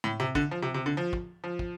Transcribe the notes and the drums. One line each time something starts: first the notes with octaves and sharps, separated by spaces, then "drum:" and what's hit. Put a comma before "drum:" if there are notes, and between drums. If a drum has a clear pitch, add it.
A2
C3
D3, drum: kick
F3
C3
C3
D3
F3
drum: kick
F3
drum: kick